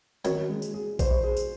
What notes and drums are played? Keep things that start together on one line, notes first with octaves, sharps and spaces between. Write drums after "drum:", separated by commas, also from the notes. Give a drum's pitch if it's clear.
D#3 F#3 C#4, drum: tambourine
G#3
drum: tambourine
G#4
C5, drum: kick A#1, tambourine
G#4
drum: tambourine